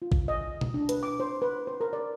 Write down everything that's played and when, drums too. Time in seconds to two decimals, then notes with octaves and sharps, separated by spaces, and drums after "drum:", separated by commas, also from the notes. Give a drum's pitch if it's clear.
0.02 F4
0.12 drum: kick A1
0.28 D#5
0.61 drum: tom B2
0.74 D4
0.89 B4, drum: hi-hat
1.03 D6
1.20 C5
1.42 B4
1.67 C5
1.81 A#4
1.93 D5